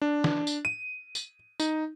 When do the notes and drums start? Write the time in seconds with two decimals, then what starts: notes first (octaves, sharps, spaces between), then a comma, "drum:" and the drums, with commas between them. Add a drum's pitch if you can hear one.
0.02 D4
0.24 drum: snare
0.47 drum: tambourine
0.65 D#7
1.15 drum: tambourine
1.60 D#4, drum: tambourine